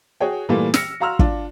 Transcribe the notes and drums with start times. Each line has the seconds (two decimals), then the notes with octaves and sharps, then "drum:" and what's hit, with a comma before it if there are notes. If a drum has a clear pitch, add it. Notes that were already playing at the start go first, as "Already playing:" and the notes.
0.20 F#4 G#4 C#5 G5
0.49 A#2 E3 G3 A3 A#3
0.74 E6 F6 A#6 C#7, drum: snare
1.00 F#4 F5 A#5 C6 E6 F6
1.19 D4 F4, drum: kick